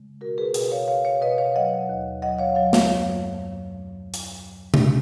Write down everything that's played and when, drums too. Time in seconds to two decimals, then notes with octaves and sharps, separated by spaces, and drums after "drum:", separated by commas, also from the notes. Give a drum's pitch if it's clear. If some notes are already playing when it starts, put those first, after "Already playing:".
Already playing: C#3 G#3
0.21 B2 F#4 A#4
0.38 G#4 B4
0.54 B2 G#4 B4, drum: hi-hat
0.72 C#5 F5
0.88 B2 C#5 F5
1.05 C#5 F5
1.21 B2 B4 D#5
1.38 C#5 F5
1.55 F#3 D#5 F#5
1.89 D#2
2.22 F#3 D#5 F#5
2.39 C#5 F5
2.55 F#3 C#5 F5
2.73 C#5 F5, drum: snare
2.89 F#2
4.14 drum: hi-hat
4.74 drum: tom C3